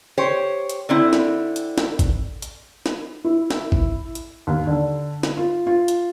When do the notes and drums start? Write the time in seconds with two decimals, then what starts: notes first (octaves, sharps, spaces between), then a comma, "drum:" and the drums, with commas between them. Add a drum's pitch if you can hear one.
0.18 G4 C5 C#5
0.70 drum: hi-hat
0.89 D3 C4 E4
1.13 drum: snare
1.56 drum: hi-hat
1.78 drum: snare
1.99 drum: kick G#1, hi-hat
2.42 drum: hi-hat
2.86 drum: snare
3.25 E4
3.50 drum: snare
3.72 drum: kick G#1
4.15 drum: hi-hat
4.47 D#2
4.67 D3
5.23 drum: snare
5.37 F4
5.67 F4
5.88 drum: hi-hat